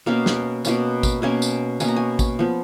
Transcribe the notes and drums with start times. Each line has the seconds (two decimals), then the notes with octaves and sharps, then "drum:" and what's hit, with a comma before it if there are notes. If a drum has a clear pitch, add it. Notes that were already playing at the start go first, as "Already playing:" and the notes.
0.06 B2 A#3 C#4 F5
0.26 drum: snare
0.65 B2 A#3 C#4, drum: tambourine
1.03 drum: kick A1, tambourine
1.22 B2 A#3 C#4 G#5
1.42 drum: tambourine
1.80 B2 A#3 C#4 G#5, drum: tambourine
1.88 A#5
1.96 G#5
2.19 drum: kick A1, tambourine
2.39 F3 B3